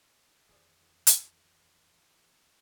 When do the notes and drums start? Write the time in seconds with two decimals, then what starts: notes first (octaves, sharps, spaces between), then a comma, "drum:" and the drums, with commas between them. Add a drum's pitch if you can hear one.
0.49 F2 D#3 E3 G#4 C5 D5
1.07 drum: hi-hat